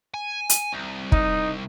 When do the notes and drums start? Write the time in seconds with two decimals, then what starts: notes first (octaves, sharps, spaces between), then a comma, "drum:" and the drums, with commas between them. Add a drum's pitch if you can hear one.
0.14 G#5
0.49 drum: hi-hat
0.72 C2
1.12 D#4, drum: kick